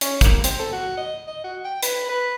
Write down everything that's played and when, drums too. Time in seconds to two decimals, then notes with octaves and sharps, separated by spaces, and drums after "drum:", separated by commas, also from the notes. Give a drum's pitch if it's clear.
0.01 C#4, drum: hi-hat
0.21 A#3, drum: kick, hi-hat
0.44 C4, drum: hi-hat
0.59 A4
0.72 F#4
0.98 D#5
1.27 D#5
1.44 F#4
1.65 G5
1.83 B4, drum: hi-hat
2.09 B4